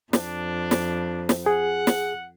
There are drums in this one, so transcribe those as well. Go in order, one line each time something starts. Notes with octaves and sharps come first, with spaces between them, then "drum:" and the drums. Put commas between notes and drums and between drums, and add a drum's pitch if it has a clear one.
F2 D4, drum: snare
drum: snare
drum: snare
G#4 F#5
drum: snare